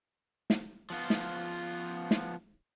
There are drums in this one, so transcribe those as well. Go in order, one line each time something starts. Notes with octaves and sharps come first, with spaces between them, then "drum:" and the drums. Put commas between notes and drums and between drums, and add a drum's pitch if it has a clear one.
drum: snare
F3 B3 F4
drum: snare
drum: snare